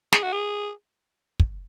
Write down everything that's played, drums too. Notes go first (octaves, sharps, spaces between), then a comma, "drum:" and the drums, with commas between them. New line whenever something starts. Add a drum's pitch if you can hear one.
G#4, drum: snare
F#4
G#4
drum: kick